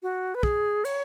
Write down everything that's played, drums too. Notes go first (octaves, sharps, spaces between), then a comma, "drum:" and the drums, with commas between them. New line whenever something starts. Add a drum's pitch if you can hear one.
F#4
B4
G#4, drum: kick
C#5, drum: cymbal